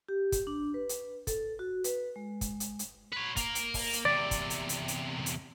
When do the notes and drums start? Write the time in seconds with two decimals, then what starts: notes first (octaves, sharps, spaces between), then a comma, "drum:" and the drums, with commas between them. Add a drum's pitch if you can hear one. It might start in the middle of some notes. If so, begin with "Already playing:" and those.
0.09 G4
0.32 drum: kick, hi-hat
0.47 D4
0.74 B4
0.89 drum: hi-hat
1.27 A4, drum: kick, hi-hat
1.59 F#4
1.84 B4, drum: hi-hat
2.16 G#3
2.41 drum: kick, hi-hat
2.60 drum: hi-hat
2.79 drum: hi-hat
3.13 B4 C#5
3.36 A#3 A#4, drum: kick, hi-hat
3.55 drum: hi-hat
3.74 drum: kick, open hi-hat
3.93 drum: hi-hat
4.05 E2 C3 D5
4.31 drum: kick, hi-hat
4.50 drum: hi-hat
4.69 drum: hi-hat
4.88 drum: hi-hat
5.26 drum: hi-hat